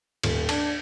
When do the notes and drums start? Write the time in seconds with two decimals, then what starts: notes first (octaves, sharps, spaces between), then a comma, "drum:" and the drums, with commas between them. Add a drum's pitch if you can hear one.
0.23 D#1, drum: cymbal
0.49 D4, drum: cymbal